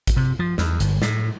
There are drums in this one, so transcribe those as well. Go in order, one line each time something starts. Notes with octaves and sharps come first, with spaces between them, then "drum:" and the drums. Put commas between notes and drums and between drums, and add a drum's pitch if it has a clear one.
drum: kick A1, hi-hat
C3
F3
E2, drum: snare
G1, drum: hi-hat
A2, drum: snare